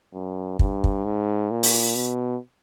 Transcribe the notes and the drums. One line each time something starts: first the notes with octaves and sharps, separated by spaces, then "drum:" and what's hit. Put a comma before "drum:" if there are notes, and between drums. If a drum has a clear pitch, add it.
F#2
G2, drum: kick
drum: kick
G#2
A#2
drum: open hi-hat
B2